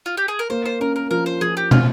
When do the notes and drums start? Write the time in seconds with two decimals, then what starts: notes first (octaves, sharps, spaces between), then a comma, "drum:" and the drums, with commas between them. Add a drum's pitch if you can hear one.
0.06 F4
0.17 G4
0.28 G#4
0.39 A#4
0.50 A#3 C5
0.66 C5
0.80 C#4 A#4
0.96 A#4
1.11 F3 A#4
1.26 C5
1.41 F3 G#4
1.57 G4
1.71 C4 F4, drum: tom